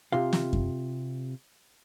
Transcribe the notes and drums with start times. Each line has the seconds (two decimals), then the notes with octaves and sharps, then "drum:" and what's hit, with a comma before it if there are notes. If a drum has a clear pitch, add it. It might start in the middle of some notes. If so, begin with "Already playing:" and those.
0.12 C3 F4 F5
0.33 drum: snare
0.53 drum: kick F#2